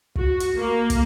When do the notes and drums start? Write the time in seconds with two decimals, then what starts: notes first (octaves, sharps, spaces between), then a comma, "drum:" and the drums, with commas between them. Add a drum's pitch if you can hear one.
0.15 F#4, drum: kick
0.40 drum: hi-hat
0.58 A#3
0.90 drum: kick, hi-hat